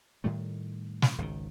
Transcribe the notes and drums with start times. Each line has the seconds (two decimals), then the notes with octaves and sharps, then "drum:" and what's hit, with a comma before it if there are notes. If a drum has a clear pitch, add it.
0.24 A2 D#3 G3 A3
1.02 drum: snare
1.18 G#1 C#2 B2 D#3